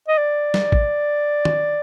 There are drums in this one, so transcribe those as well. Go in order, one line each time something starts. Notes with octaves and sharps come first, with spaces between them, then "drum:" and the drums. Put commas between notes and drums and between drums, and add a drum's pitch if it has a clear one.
D#5
D5
drum: snare
drum: kick
drum: tom D#3